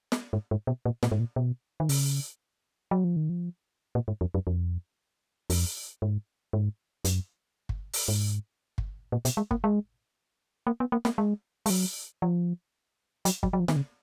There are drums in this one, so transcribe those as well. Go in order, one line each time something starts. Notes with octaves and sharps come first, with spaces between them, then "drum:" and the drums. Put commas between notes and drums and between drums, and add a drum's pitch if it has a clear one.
drum: snare
G#2
G#2
B2
A#2
A#2, drum: snare
G#2
A#2
B2
D#3
C#3, drum: open hi-hat
F#3
F3
D#3
F3
A#2
G#2
F2
F#2
F2
F2, drum: open hi-hat
G#2
G#2
F#2, drum: hi-hat
drum: kick
drum: open hi-hat
G#2
drum: kick
A#2
B2, drum: hi-hat
G#3
A#3, drum: kick
G#3
A#3
B3
A#3
A#3, drum: snare
G#3
G#3, drum: open hi-hat
F#3
F3
F#3, drum: hi-hat
F#3, drum: kick
F#3
F3
D#3, drum: snare
C#3